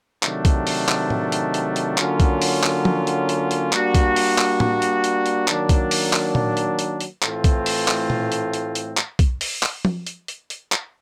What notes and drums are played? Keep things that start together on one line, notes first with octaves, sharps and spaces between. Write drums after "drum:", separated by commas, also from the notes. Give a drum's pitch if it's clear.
C3 D#3 F#3 A3 D4, drum: clap
drum: kick B1, hi-hat
drum: open hi-hat
drum: clap
drum: tom A2
drum: hi-hat
drum: hi-hat
drum: hi-hat
D3 F#3 A#3 C#4 F4, drum: clap
drum: kick B1, hi-hat
drum: open hi-hat
drum: clap
drum: tom
drum: hi-hat
drum: hi-hat
drum: hi-hat
G3 A#3 D4 F#4, drum: clap
drum: kick B1, hi-hat
drum: open hi-hat
drum: clap
drum: tom
drum: hi-hat
drum: hi-hat
drum: hi-hat
D#3 F#3 A#3 D4, drum: clap
drum: kick B1, hi-hat
drum: open hi-hat
drum: clap
drum: tom A#2
drum: hi-hat
drum: hi-hat
drum: hi-hat
A2 E3 A3 C4 F4, drum: clap
drum: kick B1, hi-hat
drum: open hi-hat
drum: clap
drum: tom A#2
drum: hi-hat
drum: hi-hat
drum: hi-hat
drum: clap
drum: kick B1, hi-hat
drum: open hi-hat
drum: clap
drum: tom
drum: hi-hat
drum: hi-hat
drum: hi-hat
drum: clap